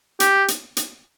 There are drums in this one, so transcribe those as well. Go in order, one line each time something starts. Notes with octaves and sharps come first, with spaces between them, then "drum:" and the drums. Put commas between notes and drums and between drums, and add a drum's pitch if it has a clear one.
G4, drum: hi-hat
drum: hi-hat
drum: hi-hat